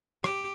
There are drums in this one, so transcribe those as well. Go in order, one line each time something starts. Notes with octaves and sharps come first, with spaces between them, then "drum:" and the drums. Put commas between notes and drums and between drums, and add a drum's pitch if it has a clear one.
G4, drum: rim click